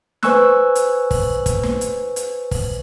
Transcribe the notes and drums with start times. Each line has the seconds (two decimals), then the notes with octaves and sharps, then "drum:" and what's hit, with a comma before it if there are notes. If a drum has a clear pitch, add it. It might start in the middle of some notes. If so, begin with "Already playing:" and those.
0.23 B4 C5 G#5 C#6 E6 F#6, drum: snare
0.75 drum: hi-hat
1.11 drum: kick, open hi-hat
1.46 drum: kick, hi-hat
1.63 drum: snare
1.81 drum: hi-hat
2.16 drum: hi-hat
2.51 drum: kick, open hi-hat